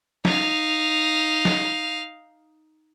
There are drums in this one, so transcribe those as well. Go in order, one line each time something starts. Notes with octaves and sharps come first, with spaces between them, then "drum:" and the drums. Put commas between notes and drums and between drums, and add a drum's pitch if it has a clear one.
D#4 F5, drum: snare
drum: snare